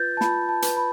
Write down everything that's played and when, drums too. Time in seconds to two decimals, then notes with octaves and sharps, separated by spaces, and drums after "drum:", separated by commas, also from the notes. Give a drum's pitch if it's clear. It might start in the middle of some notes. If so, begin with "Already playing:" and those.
Already playing: F4 B4 G6 A6
0.17 A5
0.21 F4 B5, drum: snare
0.49 A5
0.62 B4, drum: hi-hat
0.76 B5